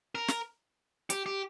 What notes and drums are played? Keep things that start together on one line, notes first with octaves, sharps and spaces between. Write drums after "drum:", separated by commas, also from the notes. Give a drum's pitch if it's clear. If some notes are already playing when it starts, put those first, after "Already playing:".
A#4
drum: snare
G4, drum: hi-hat
G4